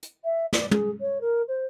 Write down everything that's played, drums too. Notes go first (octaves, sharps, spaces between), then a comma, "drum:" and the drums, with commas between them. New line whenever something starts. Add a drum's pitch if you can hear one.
drum: hi-hat
E5
D5, drum: snare
G#4, drum: tom
C#5
A#4
C5